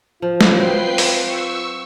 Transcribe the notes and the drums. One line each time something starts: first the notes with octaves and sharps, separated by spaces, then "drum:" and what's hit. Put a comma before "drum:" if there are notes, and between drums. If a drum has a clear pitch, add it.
F3 F4
drum: snare
F#3 C4 B4 G5 C7
drum: open hi-hat
C#6 E6